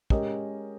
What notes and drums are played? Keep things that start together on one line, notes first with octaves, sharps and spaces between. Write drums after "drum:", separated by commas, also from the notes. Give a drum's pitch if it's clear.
G#3 C#4 G4 A#4 D#5, drum: kick